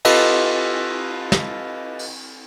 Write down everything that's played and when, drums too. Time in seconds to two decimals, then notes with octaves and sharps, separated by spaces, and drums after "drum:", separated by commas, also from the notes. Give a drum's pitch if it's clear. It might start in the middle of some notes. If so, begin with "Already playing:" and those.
0.05 F4 G4 A4 B4 D#5 F5, drum: cymbal
1.32 drum: snare
1.99 drum: open hi-hat